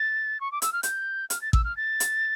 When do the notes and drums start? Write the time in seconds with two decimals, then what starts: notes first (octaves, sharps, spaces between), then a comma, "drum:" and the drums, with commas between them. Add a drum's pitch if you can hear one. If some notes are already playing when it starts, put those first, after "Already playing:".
Already playing: A6
0.40 C#6
0.52 D6
0.62 E6, drum: hi-hat
0.73 F6
0.83 G6, drum: hi-hat
1.30 F6, drum: hi-hat
1.42 A6
1.53 E6, drum: kick A1
1.64 F6
1.77 A6
2.00 drum: hi-hat